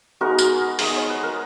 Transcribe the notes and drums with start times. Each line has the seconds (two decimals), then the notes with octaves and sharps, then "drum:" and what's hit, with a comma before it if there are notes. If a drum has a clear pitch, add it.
0.21 G#3 B3 D#4 F#4 A#4
0.38 drum: tambourine
0.79 G#3 B3 D#4 D#5, drum: open hi-hat
0.96 C#5
1.10 B4
1.23 A#4